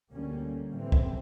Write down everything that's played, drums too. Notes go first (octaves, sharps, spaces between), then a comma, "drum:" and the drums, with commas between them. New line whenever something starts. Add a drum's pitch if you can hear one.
D2 D3 G3 A#3 C#4
A2 E3 G3 C4
drum: kick